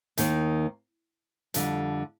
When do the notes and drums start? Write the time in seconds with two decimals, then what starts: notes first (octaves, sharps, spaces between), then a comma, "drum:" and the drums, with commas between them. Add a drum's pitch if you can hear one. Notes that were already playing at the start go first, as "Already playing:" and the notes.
0.17 D#2 D#3 A#3, drum: hi-hat
1.54 F2 D3 G3, drum: hi-hat